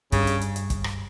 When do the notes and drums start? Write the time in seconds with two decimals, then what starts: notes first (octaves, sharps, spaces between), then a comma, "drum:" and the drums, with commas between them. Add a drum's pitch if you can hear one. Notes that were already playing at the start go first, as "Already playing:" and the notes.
0.12 G2 C#3, drum: kick, hi-hat
0.27 drum: hi-hat
0.41 drum: hi-hat
0.56 drum: hi-hat
0.70 drum: kick, hi-hat
0.84 drum: rim click